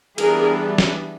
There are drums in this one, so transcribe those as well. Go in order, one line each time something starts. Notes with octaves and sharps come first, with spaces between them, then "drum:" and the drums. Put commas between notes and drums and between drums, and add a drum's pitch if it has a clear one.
E3 G3 B3 D4 G#4 A#4, drum: cymbal
drum: snare